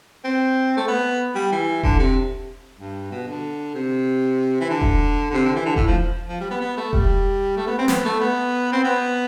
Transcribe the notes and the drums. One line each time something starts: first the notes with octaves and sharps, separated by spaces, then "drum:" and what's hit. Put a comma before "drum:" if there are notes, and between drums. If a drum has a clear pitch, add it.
C4
A3
B3
G3
E3
D3, drum: kick E1
C3
G2
B2
D3
C3
E3
D3
drum: kick E1
D3
C3
D3
E3
D3
A2, drum: kick E1
F3
F3
G3
B3
B3
A3
G3, drum: kick E1
A3
B3
C4
B3, drum: snare
A3
B3
C4
B3